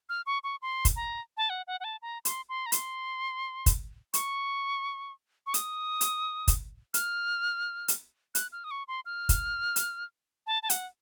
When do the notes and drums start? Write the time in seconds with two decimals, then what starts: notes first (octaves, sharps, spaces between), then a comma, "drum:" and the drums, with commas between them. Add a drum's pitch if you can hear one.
0.09 F6
0.26 C#6
0.44 C#6
0.62 C6
0.85 drum: kick, hi-hat
0.96 A#5
1.37 A5
1.50 F#5
1.67 F#5
1.80 F#5
1.84 A5
2.02 A#5
2.25 C6, drum: hi-hat
2.49 C6
2.66 A#5
2.72 C6, drum: hi-hat
3.66 drum: kick, hi-hat
4.14 C#6, drum: hi-hat
5.47 C#6
5.54 D#6, drum: hi-hat
6.01 drum: hi-hat
6.48 drum: kick, hi-hat
6.94 F6, drum: hi-hat
7.88 drum: hi-hat
8.35 F#6, drum: hi-hat
8.52 F6
8.64 D#6
8.71 C#6
8.88 C6
9.06 F6
9.29 drum: kick, hi-hat
9.76 drum: hi-hat
10.47 A5
10.63 A5
10.70 F#5, drum: hi-hat